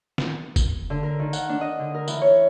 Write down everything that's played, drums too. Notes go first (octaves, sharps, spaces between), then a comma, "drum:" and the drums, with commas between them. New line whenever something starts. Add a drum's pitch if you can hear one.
drum: snare
drum: kick F1, tambourine
D3
A#4
D#3
F#5, drum: tambourine
D4
D#5
D3
A#4
E3, drum: tambourine
C#5